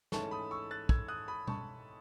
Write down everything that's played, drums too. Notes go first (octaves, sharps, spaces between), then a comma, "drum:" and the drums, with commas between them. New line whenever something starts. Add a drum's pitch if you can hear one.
G#2 E3 A3 C#4 A5 C#6, drum: snare
B5 D#6
C#6 E6
F#6 A6
E6 G#6, drum: kick
D#6 F#6
B5 D#6
A5 C#6, drum: tom B2